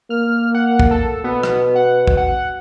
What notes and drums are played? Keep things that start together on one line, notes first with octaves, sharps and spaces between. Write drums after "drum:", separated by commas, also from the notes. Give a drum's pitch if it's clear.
A#3 F6
F#5
drum: kick
A4
B2 B3
drum: rim click
F#5
drum: kick
F#5